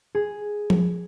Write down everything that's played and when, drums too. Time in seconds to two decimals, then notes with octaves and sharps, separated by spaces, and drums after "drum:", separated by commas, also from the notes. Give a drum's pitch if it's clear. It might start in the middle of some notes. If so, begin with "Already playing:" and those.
0.15 G#4
0.70 drum: tom F3